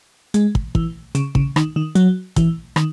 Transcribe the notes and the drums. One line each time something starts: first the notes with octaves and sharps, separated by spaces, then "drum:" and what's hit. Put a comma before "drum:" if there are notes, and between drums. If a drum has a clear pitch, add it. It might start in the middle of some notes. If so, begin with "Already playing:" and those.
G#3, drum: hi-hat
drum: kick
E3, drum: kick
C#3, drum: hi-hat
C#3, drum: kick
D#3, drum: rim click
D#3
F#3, drum: hi-hat
E3, drum: kick, hi-hat
D#3, drum: rim click